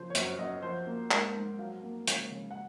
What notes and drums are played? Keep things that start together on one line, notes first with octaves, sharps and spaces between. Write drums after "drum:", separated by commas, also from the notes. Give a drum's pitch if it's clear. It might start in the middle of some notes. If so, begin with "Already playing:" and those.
Already playing: C#3 F3 C5
C#5
F#2 C5, drum: hi-hat
F#2 D#5
F3 C5
A#3
G#2 A#4, drum: clap
G#2
F#3 F5
A#3
C#3, drum: hi-hat
C#3
F#5